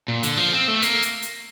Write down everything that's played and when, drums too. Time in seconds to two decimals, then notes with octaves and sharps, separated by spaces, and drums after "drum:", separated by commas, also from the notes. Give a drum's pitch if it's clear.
0.08 A#2
0.23 D3, drum: hi-hat
0.37 F3
0.53 C4
0.68 A3
0.82 A#3, drum: hi-hat
1.02 drum: hi-hat
1.22 drum: hi-hat